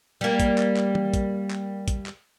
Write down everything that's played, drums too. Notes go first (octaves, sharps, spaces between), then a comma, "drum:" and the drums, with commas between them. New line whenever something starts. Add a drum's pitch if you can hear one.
G3 A#3
drum: kick, hi-hat
drum: clap
drum: clap
drum: tom E3
drum: kick, hi-hat
drum: clap
drum: kick, hi-hat
drum: clap